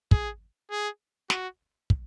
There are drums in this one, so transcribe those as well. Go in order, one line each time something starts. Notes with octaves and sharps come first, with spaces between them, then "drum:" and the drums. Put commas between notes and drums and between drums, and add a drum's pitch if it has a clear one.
G#4, drum: kick
G#4
F#4, drum: snare
drum: kick